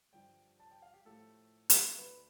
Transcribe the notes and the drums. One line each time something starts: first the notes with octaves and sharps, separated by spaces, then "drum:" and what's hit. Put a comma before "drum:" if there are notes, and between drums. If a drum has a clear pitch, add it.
G2 D3 F3 G5
A5
G5
F5
G4
A2 F3 A3 A4
drum: hi-hat
D2 D3 A3 B4